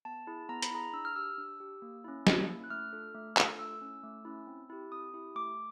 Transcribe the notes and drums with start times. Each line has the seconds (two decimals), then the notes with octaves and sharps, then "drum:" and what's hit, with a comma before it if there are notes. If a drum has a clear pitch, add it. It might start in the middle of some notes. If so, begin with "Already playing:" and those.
0.05 B3 A5
0.27 E4 G#4
0.49 B3 A#5
0.62 B5, drum: hi-hat
0.71 E4 G#4 A#5
0.93 D4 E6
1.05 F6
1.16 G4 E6
1.38 D4
1.60 G4
1.82 A#3
2.04 C#4 E4
2.27 A#3, drum: snare
2.48 C#4 E4
2.64 F#6
2.70 A3 F6
2.93 D4 F4 A4
3.15 A3
3.37 D4 F4 A4, drum: clap
3.59 A3 E6
3.81 C#4 E4
4.03 A3
4.25 C#4 E4
4.47 C4
4.70 E4 G4
4.92 C4 D#6
5.14 E4 G4
5.36 A3 D6